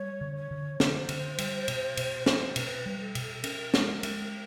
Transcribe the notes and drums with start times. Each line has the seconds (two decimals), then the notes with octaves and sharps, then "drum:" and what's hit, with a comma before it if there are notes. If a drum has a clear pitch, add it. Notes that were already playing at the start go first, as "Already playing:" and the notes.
Already playing: G3 C#5
0.21 D3
0.36 C#5
0.51 D3
0.80 D3 C5, drum: snare
1.09 D3, drum: cymbal
1.38 G3, drum: cymbal
1.68 B2, drum: cymbal
1.97 B2, drum: cymbal
2.26 C4, drum: snare
2.56 B2 B4, drum: cymbal
2.86 G3
3.01 A4
3.15 B2, drum: cymbal
3.44 C#4 A#4, drum: cymbal
3.74 G#3, drum: snare
4.03 G#3, drum: cymbal
4.24 A#4